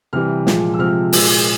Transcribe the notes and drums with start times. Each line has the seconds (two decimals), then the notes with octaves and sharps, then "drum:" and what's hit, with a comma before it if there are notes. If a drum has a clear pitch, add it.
0.13 C3 E3 G3 F6
0.47 A#2 F3 G#3, drum: snare
0.74 E6
0.79 C3 F3 G#3 F6
1.13 A#2 G#3 E6, drum: open hi-hat